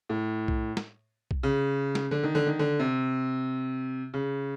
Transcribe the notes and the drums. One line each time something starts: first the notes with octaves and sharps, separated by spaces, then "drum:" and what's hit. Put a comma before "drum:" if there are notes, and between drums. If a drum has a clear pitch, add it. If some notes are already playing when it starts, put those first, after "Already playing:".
A2
drum: kick B1
drum: snare
drum: kick B1
C#3
drum: snare
D3
D#3
D3
D#3
D3
C3
C#3